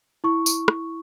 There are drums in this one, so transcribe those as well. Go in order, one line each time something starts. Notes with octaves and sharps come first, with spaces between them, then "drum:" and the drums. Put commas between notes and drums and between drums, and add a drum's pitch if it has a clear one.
E4 C#6
drum: tambourine
drum: rim click